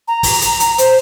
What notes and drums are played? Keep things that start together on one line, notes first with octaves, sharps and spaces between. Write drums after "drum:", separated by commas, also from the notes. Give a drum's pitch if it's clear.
A#5
drum: kick, open hi-hat
drum: hi-hat
drum: hi-hat
C5, drum: hi-hat